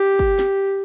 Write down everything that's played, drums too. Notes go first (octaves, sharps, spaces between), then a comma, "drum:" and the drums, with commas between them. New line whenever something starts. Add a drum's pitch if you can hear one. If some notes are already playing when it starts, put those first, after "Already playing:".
Already playing: G4
drum: kick
drum: snare